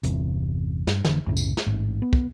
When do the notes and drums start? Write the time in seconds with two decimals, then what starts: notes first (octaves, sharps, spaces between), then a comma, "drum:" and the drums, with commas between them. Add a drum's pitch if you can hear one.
0.03 G1 E2 C3, drum: hi-hat
0.87 G2, drum: snare
1.05 F1 D3 E3, drum: snare
1.27 C2 F#2 A2 C#3
1.37 drum: tambourine
1.57 drum: snare
1.67 A1 G#2
2.02 B3
2.13 drum: kick